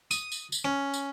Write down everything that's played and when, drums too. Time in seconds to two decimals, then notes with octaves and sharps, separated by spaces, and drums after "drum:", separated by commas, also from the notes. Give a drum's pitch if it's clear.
0.11 D#6, drum: tambourine
0.32 drum: tambourine
0.52 drum: tambourine
0.65 C#4
0.94 drum: tambourine